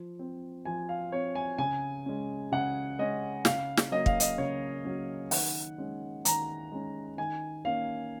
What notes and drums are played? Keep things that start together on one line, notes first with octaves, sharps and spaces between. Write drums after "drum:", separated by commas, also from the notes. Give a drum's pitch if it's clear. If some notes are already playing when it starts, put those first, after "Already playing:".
Already playing: F3
C4
F3 G#5
F5
C4 C#5
G#5
C#3 G#5
G#3 C#4
C#3 F#5
G#3 C#4 D#5
C#3 F5, drum: snare
drum: snare
F#3 A#3 C#4 D#5
F5, drum: kick
D#5, drum: hi-hat
C#3 C#5
F#3 A#3 C#4
D#3 F#5, drum: open hi-hat
G#3 C#4
D#3 A#5, drum: hi-hat
G#3 C#4
D#3 G#5
A#3 C#4 F5